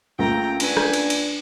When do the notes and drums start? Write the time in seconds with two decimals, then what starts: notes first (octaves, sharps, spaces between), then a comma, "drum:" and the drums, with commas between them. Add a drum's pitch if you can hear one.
0.19 C#2 A3 A#3 G5 A#5
0.60 D4 B4 G#5, drum: cymbal
0.77 drum: rim click
0.93 drum: cymbal
1.10 drum: cymbal